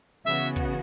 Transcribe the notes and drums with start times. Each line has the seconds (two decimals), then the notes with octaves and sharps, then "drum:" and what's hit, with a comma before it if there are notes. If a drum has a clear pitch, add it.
0.24 C#3 E3 B3 F#4 E5
0.56 drum: kick